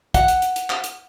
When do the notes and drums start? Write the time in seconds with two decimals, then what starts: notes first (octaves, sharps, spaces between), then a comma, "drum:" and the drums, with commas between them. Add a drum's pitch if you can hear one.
0.14 F#5, drum: kick, hi-hat
0.28 drum: hi-hat
0.42 drum: hi-hat
0.56 drum: hi-hat
0.70 drum: clap
0.84 drum: hi-hat